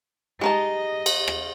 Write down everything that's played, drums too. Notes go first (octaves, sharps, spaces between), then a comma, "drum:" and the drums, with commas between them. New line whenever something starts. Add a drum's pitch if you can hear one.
G#3 D#4 G4 D#5 A5
drum: cymbal
drum: rim click